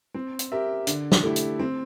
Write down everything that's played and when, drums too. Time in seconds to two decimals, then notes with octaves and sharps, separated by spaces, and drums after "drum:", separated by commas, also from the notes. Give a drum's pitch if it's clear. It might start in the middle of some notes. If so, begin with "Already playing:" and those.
0.14 C4
0.39 drum: hi-hat
0.52 G4 A#4 E5
0.87 D3, drum: hi-hat
1.12 drum: snare
1.23 A3 E4 G4
1.36 drum: hi-hat
1.59 C4